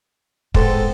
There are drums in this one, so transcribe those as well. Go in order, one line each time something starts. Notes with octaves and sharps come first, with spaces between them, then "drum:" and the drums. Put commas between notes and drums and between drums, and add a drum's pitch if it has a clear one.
G#2 G#3 B3 C4 A4, drum: kick